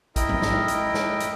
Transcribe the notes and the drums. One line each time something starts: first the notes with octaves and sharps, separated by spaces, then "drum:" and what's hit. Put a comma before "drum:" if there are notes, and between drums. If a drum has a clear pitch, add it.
E4 A#4 D#5 G5, drum: kick, hi-hat
drum: tom G#2
drum: snare
drum: hi-hat
drum: snare
drum: hi-hat